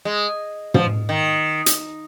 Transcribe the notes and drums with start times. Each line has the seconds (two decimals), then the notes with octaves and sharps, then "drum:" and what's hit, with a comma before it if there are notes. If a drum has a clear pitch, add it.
0.05 G#3
0.74 F3, drum: tom
1.09 D#3
1.66 drum: hi-hat